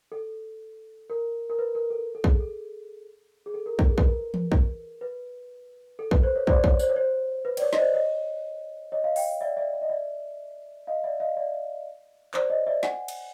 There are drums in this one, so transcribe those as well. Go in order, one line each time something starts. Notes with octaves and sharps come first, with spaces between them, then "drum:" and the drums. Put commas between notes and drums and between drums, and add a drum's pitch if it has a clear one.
A4
A#4
A#4
B4
A#4
A4
A4
G#4, drum: kick
A4
G#4
A4
A#4
A4, drum: kick
G#4
B4, drum: kick
A#4
drum: tom E3
drum: kick
B4
A4
B4, drum: kick
C5
C#5
C5 D5, drum: kick
C#5, drum: kick
C5, drum: tambourine
C#5
C5
B4
D5, drum: cymbal
C#5
D#5, drum: snare
C5 D5
C#5 D#5
C#5 D#5
D#5 F5
F5 G5, drum: open hi-hat
D5 E5
D5 E5
E5
D#5
D5 E5
D#5 F5
D5 E5
D#5 F5
D5 E5
C5 D5, drum: clap
C#5 D#5
D5 E5
F#5 G#5, drum: snare
drum: cymbal